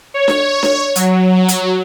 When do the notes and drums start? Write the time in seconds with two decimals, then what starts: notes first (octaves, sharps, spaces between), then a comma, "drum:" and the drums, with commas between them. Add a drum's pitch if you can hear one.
0.14 C#5
0.28 drum: snare D4
0.63 drum: snare D4
0.96 F#3, drum: hi-hat
1.48 drum: hi-hat